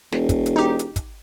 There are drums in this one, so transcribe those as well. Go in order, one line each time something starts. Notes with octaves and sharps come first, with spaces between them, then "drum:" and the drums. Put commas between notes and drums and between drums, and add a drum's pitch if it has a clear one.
E1, drum: snare
drum: kick, hi-hat
drum: hi-hat
D#4 G4
drum: hi-hat
drum: kick, hi-hat